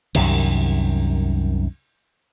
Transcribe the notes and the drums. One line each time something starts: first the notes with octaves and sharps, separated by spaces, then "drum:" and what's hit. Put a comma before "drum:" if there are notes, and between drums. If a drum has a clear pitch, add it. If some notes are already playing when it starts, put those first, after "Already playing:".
C2 F#2 C3 D#3, drum: cymbal